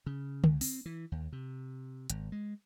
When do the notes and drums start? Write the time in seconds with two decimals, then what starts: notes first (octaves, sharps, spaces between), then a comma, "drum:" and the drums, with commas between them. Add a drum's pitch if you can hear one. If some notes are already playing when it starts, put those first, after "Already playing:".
0.06 C#3
0.44 C#2, drum: tom D3
0.61 C4, drum: open hi-hat
0.86 E3
1.12 D#2
1.32 C3
2.10 G#1, drum: hi-hat
2.32 G#3